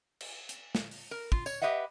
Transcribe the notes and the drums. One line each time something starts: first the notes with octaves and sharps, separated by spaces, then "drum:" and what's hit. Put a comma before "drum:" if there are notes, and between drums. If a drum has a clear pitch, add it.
drum: cymbal
drum: hi-hat
drum: snare
drum: open hi-hat
A#4
F4, drum: kick
C#5, drum: tambourine
G4 B4 D#5 E5 F#5